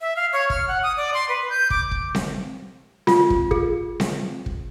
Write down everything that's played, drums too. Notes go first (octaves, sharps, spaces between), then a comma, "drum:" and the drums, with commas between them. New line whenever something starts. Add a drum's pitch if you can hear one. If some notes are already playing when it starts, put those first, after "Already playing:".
E5
F5
C#5
F6, drum: kick
F#5
D#6
D5
C6
B4
G6
D6, drum: kick
drum: kick
drum: snare C4
F4, drum: snare C4
drum: kick
G#4, drum: kick
drum: snare C4
drum: kick